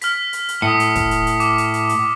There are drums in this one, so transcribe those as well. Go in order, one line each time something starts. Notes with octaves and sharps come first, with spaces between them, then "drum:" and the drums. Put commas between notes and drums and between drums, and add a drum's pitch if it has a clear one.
F6 B6, drum: hi-hat
drum: hi-hat
drum: hi-hat
A2 D#6 B6 C#7
drum: hi-hat
drum: kick, hi-hat
drum: hi-hat
drum: hi-hat
D6, drum: hi-hat
drum: hi-hat
drum: hi-hat
drum: hi-hat